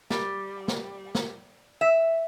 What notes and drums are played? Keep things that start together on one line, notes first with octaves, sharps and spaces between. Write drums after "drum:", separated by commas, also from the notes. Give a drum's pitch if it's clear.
G3, drum: snare
drum: snare
drum: snare
E5